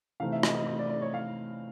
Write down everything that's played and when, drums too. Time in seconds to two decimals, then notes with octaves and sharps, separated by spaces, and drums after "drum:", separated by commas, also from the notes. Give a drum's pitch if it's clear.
0.20 C3 E3 A3 C4 D#4 F5
0.32 E5
0.43 D#5, drum: rim click
0.55 D#5
0.66 D#5
0.79 D5
0.89 D5
1.01 C#5
1.14 F5